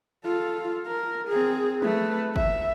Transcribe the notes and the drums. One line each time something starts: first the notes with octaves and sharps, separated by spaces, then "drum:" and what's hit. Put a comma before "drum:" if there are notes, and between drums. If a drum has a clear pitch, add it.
F4 A4
A#4
C4 G#4
A3 B4, drum: tom F3
E5, drum: kick